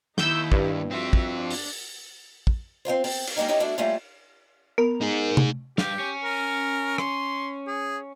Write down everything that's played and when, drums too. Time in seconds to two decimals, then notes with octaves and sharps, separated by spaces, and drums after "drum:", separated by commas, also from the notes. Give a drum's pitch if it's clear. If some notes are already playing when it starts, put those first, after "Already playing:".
0.18 D#2 D#4 E4 E6 G6, drum: snare
0.52 G2, drum: kick
0.91 C4 F4 F#4 E5
1.13 drum: kick
1.34 D4
1.50 drum: open hi-hat
2.47 drum: kick
2.85 C4 D#4 F4 C5
3.04 C4, drum: open hi-hat
3.27 drum: cymbal
3.37 G3 G#3 A#3 C4 D#4
3.48 D#4 E4 G4 C#5
3.60 A3 D4 E4 F#4
3.78 G3 A3 A#3 C#4 E4 F4
4.78 B3 A#4
5.01 D#4 G#4
5.37 drum: tom C3
5.78 G2 G4 F5, drum: snare
5.99 C#4
6.24 A#4
6.98 C6, drum: rim click
7.67 G#4